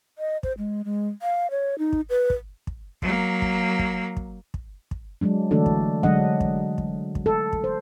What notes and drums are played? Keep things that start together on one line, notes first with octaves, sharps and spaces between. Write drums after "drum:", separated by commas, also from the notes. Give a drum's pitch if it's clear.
D#5
C5, drum: kick
G#3
G#3
F5
C#5
D#4
drum: kick
B4
drum: kick
drum: kick
F#3 A#3, drum: kick
drum: kick
drum: kick
drum: kick
drum: kick
drum: kick
F#3 G#3 D4
D3 E3 A3 D4 F#4 A4
drum: kick
D3 F#3 G#3 D4 D#5 F#5, drum: kick
drum: kick
drum: kick
drum: kick
A4
drum: kick
C5